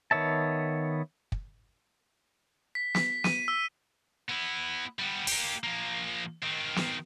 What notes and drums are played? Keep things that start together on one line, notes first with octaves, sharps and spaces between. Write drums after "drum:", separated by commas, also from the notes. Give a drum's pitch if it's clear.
D#3 B3 C#5 E5 A5
drum: kick
B6
B6, drum: snare
D#7, drum: snare
E6
B3 E4
G3 B3
A#3 G4, drum: open hi-hat
F3 A#3
D#3 C4
drum: snare